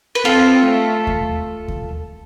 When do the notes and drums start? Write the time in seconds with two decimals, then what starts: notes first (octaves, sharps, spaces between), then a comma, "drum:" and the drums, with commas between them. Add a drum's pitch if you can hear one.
0.15 B4
0.25 C4 F4 A4
0.66 A3
1.07 drum: kick D#2
1.68 drum: kick D#2